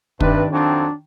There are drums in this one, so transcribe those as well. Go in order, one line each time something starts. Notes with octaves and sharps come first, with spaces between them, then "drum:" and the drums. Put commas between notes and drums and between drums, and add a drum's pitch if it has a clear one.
G2 C3 D#3 D4 B4, drum: kick
F2 F#3 C4 D4